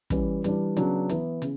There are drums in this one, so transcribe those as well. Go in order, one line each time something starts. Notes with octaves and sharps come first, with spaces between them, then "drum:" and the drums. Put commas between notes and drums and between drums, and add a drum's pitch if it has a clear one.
E3 G3 C#4, drum: kick, hi-hat
E3 G3 D4, drum: hi-hat
C#3 F#3 B3 D4, drum: hi-hat
E3 B3 E4, drum: hi-hat
C#3, drum: hi-hat